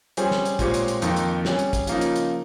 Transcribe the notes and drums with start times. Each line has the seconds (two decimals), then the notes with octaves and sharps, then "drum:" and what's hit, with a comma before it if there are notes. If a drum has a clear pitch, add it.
0.17 G3 C#4 G#4 C5, drum: hi-hat
0.31 drum: snare
0.45 drum: hi-hat
0.59 A#2 G#3 C4 G4 C#5, drum: kick, hi-hat
0.74 drum: hi-hat
0.88 drum: hi-hat
1.02 F2 D#3 A#3 D#4 A#4, drum: hi-hat
1.16 drum: hi-hat
1.45 G3 C#4 G#4, drum: snare
1.59 drum: hi-hat
1.73 drum: kick, hi-hat
1.87 C#3 F3 A#3 D#4, drum: hi-hat
2.01 drum: hi-hat
2.16 drum: hi-hat